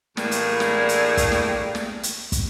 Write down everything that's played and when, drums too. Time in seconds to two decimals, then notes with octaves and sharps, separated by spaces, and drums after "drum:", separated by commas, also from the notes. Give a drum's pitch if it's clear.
0.17 A2 E3 A#3 D4 G4 G#4, drum: snare
0.31 drum: hi-hat
0.60 drum: snare
0.89 drum: hi-hat
1.17 drum: kick, hi-hat
1.32 drum: snare
1.75 drum: snare
2.03 drum: hi-hat
2.32 drum: kick, hi-hat